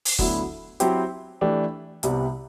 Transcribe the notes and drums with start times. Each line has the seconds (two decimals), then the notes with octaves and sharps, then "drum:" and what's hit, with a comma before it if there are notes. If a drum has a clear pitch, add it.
0.05 drum: open hi-hat
0.19 D2 D3 F#3 B3 E4, drum: kick
0.80 F#3 C4 E4 G4 C5, drum: hi-hat
1.41 E3 A3 D4 G4
2.03 C2 C3 G3 B3, drum: hi-hat